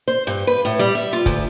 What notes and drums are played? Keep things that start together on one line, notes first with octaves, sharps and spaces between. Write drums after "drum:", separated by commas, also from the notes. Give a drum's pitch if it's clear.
C5
G2
B4
A2
G3, drum: hi-hat
E5
F4
D2, drum: kick, hi-hat